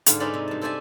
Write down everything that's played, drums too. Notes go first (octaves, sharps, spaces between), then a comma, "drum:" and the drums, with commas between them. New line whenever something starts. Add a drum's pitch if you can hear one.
G#2 D3 F5, drum: hi-hat
C#4 D#4 E4 B4 C5 D5
C3
G2 A5
A4 C5 D5 E5 G#5 A5